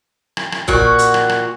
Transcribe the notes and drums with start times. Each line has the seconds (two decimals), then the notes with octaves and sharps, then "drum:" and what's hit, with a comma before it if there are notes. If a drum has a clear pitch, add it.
0.37 drum: rim click
0.52 drum: rim click
0.68 A#2 F#4, drum: kick
0.99 drum: hi-hat
1.14 drum: rim click
1.29 drum: rim click